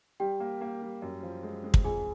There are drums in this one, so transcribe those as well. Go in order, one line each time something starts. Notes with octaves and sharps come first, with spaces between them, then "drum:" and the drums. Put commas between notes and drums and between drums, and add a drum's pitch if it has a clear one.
G3 G4 G5
A#3
A#3
G3
F#2
F3
G#3
G#3
drum: kick
F2 G#4 G#5